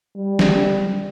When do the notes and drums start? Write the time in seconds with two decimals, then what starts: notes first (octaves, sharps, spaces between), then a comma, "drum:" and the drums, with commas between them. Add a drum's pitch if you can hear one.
0.17 G3
0.39 drum: snare